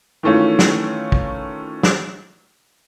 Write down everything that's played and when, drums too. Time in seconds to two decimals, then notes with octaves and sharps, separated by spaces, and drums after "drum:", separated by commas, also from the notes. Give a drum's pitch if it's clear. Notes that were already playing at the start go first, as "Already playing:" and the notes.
0.23 D#3 E3 A3 C#4 F4
0.59 drum: snare
1.12 drum: kick
1.83 drum: snare